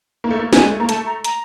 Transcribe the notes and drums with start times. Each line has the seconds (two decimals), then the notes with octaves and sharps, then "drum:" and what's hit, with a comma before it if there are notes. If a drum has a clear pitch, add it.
0.24 A#3
0.31 A3
0.39 A#3
0.53 G3 G#5, drum: snare
0.62 G#3
0.70 A3
0.80 A#3 A#5
0.89 A3 A5, drum: hi-hat
1.06 A#5
1.24 A#5, drum: hi-hat